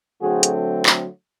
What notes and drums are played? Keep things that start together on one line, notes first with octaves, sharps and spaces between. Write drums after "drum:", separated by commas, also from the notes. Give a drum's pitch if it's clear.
D3 F#3 A3 C4 F#4 G#4
drum: hi-hat
drum: clap